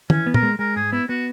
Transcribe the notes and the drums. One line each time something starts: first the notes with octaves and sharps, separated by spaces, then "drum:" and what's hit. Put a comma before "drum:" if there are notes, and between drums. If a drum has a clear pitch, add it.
E3 C#4, drum: tom
B3
A#4, drum: tom
G#3
G#3 A#4
G#2 G#4
B3 E4
B3 F#4